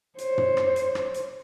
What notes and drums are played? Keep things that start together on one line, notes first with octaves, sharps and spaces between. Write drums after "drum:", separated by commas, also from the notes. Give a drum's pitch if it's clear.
C5 C#5, drum: hi-hat
drum: tom
drum: rim click
drum: hi-hat
drum: rim click
drum: hi-hat